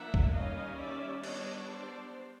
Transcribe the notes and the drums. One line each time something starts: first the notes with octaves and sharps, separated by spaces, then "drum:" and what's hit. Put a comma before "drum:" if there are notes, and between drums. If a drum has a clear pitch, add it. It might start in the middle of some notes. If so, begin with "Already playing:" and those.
Already playing: F3 A#3 D4 E5 F#5
drum: kick
D#3 G3 A#3 C#4 D#5 F5
D5 E5
G3 B3 D4 C#5 D#5, drum: cymbal
C5 D5